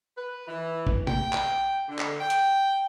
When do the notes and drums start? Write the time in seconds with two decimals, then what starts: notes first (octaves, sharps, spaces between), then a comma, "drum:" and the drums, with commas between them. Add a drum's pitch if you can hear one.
0.17 B4
0.48 E3
0.87 drum: kick G#1
1.07 G5, drum: tom
1.33 drum: clap
1.89 D3
1.99 drum: clap
2.20 G5
2.30 drum: hi-hat